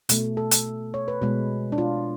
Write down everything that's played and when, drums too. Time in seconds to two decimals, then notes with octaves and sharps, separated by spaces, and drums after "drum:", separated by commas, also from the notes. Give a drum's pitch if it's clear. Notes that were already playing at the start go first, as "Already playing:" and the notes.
0.09 B2 A3, drum: hi-hat
0.37 A4
0.51 drum: hi-hat
0.94 C#5
1.08 B4
1.22 B2 G#3
1.72 D4
1.78 F4